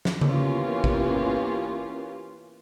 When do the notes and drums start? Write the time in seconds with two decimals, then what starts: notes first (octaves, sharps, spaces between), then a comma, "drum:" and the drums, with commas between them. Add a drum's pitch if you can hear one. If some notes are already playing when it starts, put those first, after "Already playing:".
0.05 drum: snare
0.21 E3 A#3 B3 C#4 F4 G4, drum: tom C#3
0.84 drum: kick G#1